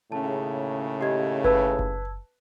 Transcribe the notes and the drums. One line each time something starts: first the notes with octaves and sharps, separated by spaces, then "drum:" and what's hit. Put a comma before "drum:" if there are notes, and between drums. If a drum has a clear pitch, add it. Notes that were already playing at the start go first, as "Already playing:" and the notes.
D#2 A2 C#3 A5
G4 D#5 G#6
B4 A5 E6 G#6, drum: kick F#1
drum: kick F#1